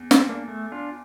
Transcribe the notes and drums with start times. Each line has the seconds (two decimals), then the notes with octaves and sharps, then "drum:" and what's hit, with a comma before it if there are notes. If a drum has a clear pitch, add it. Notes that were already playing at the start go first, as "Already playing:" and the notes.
Already playing: E2
0.11 C4, drum: snare
0.29 A#3 D4
0.48 A3
0.72 D4 F4